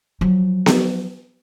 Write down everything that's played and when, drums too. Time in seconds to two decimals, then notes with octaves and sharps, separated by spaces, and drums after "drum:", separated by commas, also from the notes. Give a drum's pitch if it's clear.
0.21 F3 F#3
0.66 drum: snare B3